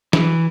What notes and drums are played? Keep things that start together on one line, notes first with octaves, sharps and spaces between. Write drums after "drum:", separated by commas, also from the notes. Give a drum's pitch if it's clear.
E3, drum: snare